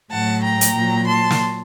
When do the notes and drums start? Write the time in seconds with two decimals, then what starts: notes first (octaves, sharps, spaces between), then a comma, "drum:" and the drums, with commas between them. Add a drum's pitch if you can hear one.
0.12 A2 F#3 F#5 A5
0.44 G5 A#5
0.61 drum: hi-hat
0.75 A#2 F#3
1.08 A5 C6
1.30 drum: snare